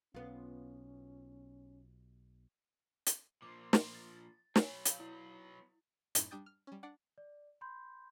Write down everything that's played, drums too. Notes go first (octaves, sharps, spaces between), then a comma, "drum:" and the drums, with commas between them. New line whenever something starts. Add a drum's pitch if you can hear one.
B1 B3 C#4 F4
drum: hi-hat
A#2 F3 D6
drum: snare
A6
F#3 B3 C#5 G#5 C7, drum: snare
F5 B5 G6, drum: hi-hat
E4
F#2 A2 C#4 D#4 E4, drum: hi-hat
G3 D4 G5 D#6 G6 A6
F6
G3 C#4
D4 D5 F#5
D5
B5 C6 G6